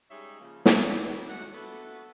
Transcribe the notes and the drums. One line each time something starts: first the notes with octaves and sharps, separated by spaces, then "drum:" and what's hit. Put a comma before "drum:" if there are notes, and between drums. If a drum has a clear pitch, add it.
G3 G#3 C#4 D#4 C#5 E5
C#3 F3 A#3
F#3 G3 D4 E4 F#4, drum: snare
D#3 A3 F#4 F#5
B3 D4 E4 F#4 A4